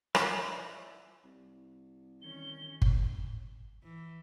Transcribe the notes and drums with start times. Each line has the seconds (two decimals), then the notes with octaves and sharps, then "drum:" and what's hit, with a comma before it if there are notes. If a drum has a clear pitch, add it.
0.15 E4 F4 B4 D5 D#5, drum: rim click
1.24 C2
2.22 D#3 C#4 G7
2.82 drum: kick G1
3.83 E3